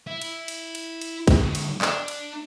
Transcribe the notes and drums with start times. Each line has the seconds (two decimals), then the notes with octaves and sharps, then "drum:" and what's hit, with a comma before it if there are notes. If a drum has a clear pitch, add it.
0.07 E4
0.21 drum: cymbal
0.48 drum: cymbal
0.75 drum: cymbal
1.01 drum: cymbal
1.27 D3 G#3, drum: kick, cymbal
1.55 drum: cymbal
1.81 D4, drum: clap
2.08 drum: cymbal